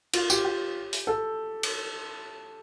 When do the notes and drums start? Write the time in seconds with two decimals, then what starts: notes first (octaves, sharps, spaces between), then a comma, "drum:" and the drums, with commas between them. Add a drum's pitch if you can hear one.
0.14 F4, drum: cymbal
0.30 G4, drum: tambourine
0.45 G4
0.93 drum: open hi-hat
1.07 A4
1.63 drum: cymbal